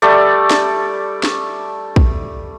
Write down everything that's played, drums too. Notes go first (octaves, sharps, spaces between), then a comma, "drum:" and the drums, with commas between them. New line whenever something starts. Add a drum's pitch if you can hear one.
G3 A3 A4 D5
drum: snare
drum: snare
drum: kick